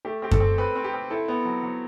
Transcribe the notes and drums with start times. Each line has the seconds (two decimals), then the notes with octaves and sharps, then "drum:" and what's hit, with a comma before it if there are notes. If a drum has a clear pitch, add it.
0.05 A3 G4
0.22 C4 G4
0.31 A4, drum: kick F#2
0.40 C4
0.58 C4 B4
0.76 C4
0.84 G4
0.94 C4
1.10 E4 A4
1.28 B3
1.45 F#3
1.63 F#3